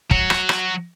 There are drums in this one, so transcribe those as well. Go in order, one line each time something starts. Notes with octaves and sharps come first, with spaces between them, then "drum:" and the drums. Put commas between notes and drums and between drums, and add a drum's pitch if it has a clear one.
F#3 F#4, drum: kick
drum: rim click
drum: rim click